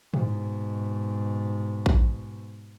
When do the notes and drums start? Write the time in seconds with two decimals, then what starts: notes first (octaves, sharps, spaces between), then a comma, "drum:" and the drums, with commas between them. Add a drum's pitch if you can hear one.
0.14 G#2 B2, drum: tom
1.86 drum: kick A#1